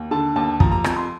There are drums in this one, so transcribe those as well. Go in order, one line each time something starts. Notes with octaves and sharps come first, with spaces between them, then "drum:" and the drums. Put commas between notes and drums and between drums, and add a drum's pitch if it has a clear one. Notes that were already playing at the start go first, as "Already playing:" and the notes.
Already playing: D#2
D3 A5
D#2 A5
F3 A#5, drum: kick
A#5
F2 A#5, drum: rim click
C6